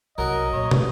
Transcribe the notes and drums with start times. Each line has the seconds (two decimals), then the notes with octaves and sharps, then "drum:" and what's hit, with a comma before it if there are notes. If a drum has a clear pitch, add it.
0.18 C2 F#3 A#4 D#5
0.53 A#2 C#5
0.71 drum: tom